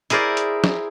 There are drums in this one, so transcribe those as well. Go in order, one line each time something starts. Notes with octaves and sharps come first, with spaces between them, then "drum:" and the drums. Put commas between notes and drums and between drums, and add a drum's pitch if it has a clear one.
E4 G#4 A#4 C5 D5, drum: hi-hat
drum: hi-hat
drum: snare